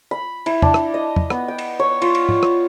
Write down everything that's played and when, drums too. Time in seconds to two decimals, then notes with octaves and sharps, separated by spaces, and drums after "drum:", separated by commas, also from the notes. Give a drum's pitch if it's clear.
0.11 B5
0.46 E4, drum: cymbal
0.62 D4, drum: tom E2
0.74 drum: rim click
0.94 D#5
1.16 drum: tom E2
1.30 B3, drum: rim click
1.48 G5
1.58 drum: cymbal
1.80 C#5
2.02 F4, drum: cymbal
2.15 drum: cymbal
2.29 drum: tom
2.43 drum: rim click